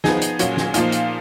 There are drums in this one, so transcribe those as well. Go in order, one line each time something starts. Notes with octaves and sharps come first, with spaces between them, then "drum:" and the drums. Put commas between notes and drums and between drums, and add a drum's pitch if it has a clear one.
F3 B3 D#4 G#4, drum: snare
drum: hi-hat
A#2 F#3 A#3 C#4, drum: hi-hat
drum: snare
A#2 F3 A#3 D#4 F4 F5, drum: hi-hat
drum: hi-hat